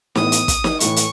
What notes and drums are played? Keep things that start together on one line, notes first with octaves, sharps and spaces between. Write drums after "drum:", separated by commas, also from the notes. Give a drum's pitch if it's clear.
A2 E3 B3 D#6, drum: snare
drum: hi-hat
drum: kick, hi-hat
drum: snare
A2 E3 A3 C#6, drum: hi-hat
drum: hi-hat